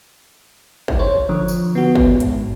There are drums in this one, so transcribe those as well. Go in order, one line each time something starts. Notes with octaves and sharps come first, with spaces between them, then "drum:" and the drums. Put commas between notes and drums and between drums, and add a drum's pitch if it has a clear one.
drum: kick
C5 C#5
D3 F3
drum: tambourine
B3 F#4
drum: kick
G#2, drum: hi-hat